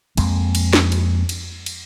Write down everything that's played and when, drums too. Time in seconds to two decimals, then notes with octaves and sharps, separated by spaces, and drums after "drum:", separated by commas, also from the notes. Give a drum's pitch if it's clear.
0.17 F2 G#3 A#3 C4, drum: cymbal
0.55 drum: cymbal
0.73 drum: snare
0.92 drum: cymbal
1.29 drum: cymbal
1.66 drum: cymbal